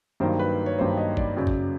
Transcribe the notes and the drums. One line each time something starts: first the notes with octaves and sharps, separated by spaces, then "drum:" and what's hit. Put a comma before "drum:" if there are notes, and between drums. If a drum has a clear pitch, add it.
G2 D#3 F#3 A#3 C5
B4
C#5
G2 D#3 F#3 A#3 C5
D#5
D5, drum: kick
F#2 C#3 F#3
drum: kick